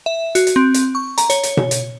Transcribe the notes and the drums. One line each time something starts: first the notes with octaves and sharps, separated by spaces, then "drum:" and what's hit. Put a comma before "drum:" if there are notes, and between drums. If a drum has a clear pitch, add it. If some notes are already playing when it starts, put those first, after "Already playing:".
E5
F#4, drum: hi-hat
drum: hi-hat
C4
drum: hi-hat
C#6
A#5, drum: hi-hat
C#5, drum: hi-hat
drum: hi-hat
drum: tom B2
drum: hi-hat